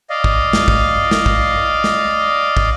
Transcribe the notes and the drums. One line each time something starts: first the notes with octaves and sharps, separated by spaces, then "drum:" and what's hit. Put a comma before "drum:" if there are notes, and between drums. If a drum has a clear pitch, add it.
D5 D#5 F5
drum: kick
drum: snare
drum: kick
drum: snare
drum: kick
drum: snare
drum: kick